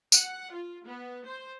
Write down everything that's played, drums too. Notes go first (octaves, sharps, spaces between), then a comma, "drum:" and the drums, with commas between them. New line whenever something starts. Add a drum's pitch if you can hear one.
F#5, drum: tambourine
F4
B3
C5